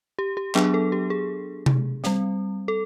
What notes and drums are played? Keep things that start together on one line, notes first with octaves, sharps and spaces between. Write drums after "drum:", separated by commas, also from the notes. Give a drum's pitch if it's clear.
G4
G4
F#3 B3 D4 G#4, drum: clap
A4
G4
G#4
drum: tom C3
G3 C4, drum: snare
A4